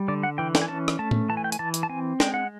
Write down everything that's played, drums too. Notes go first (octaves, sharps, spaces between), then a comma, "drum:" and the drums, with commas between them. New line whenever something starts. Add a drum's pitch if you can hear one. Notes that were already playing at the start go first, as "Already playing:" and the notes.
Already playing: G3
D3 D5
F#5
E3 G5
G5, drum: snare
G#5
C#4 A5
drum: rim click
A3 A5
drum: tom A2
E3 A5
G#5
G5
G#5, drum: hi-hat
E3 A5
drum: hi-hat
A5
C4 G#5
G#3 G5, drum: snare
F#5